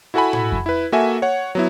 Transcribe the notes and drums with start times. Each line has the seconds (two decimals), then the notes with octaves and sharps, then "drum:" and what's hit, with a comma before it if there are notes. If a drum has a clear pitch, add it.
0.14 E4 F#4 A4 F#5 G#5 B5
0.33 drum: tom A2
0.52 drum: kick F2
0.66 E4 B4
0.92 A#3 F#4 A4 E5 G#5
1.22 C#5 F#5
1.55 F#3 B3 E4